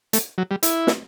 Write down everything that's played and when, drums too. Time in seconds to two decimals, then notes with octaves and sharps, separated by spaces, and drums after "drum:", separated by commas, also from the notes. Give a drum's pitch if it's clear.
0.13 A3, drum: hi-hat
0.38 F#3
0.51 G3
0.63 E4, drum: hi-hat
0.87 drum: snare